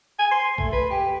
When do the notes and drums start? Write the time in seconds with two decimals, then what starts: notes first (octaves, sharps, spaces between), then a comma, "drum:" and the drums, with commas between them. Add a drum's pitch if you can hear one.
0.19 G#5
0.31 C6
0.58 A3, drum: kick
0.72 B4
0.90 G4